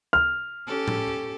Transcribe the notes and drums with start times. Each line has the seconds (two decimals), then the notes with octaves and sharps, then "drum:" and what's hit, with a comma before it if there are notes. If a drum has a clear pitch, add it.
0.13 F6
0.67 C#4 G4 A4
0.88 drum: tom A2